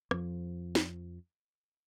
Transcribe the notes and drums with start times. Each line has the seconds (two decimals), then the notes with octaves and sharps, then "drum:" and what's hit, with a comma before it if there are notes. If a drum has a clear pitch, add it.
0.11 F2 F3, drum: rim click
0.75 drum: snare